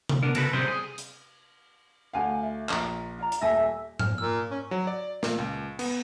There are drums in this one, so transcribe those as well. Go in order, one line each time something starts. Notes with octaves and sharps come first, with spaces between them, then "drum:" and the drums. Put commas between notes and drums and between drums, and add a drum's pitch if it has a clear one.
drum: tom C3
B3 D4 A#4
C#3 F#4 A4 B4, drum: cymbal
C3 G3 C4 G#4 C5
G#4
drum: hi-hat
D2 F5 F#5 G#5 A5
E5
A#1 F4 A#5, drum: clap
F4 D5 A#5
drum: hi-hat
D#1 A4 E5 G#5 A5 E6 A#6
F6, drum: tom G#2
A#2 E6
C#4
F#3
D5
A#2, drum: snare
C#2
B3, drum: cymbal